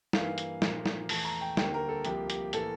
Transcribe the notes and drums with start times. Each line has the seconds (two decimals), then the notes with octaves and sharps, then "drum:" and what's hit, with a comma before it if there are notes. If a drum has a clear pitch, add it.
0.13 G2 E3 A#3 F5, drum: snare
0.38 drum: hi-hat
0.62 A#2 F3 A#3, drum: snare
0.86 drum: snare
1.09 E2 E3 A3 A5, drum: open hi-hat
1.25 A#5
1.41 G5
1.57 D2 D3 G3 A#3 G5, drum: snare
1.74 A#4
1.89 A4
2.05 C2 C3 F3 A#3 G4, drum: hi-hat
2.30 G4, drum: hi-hat
2.53 A2 E3 A#3 A4, drum: hi-hat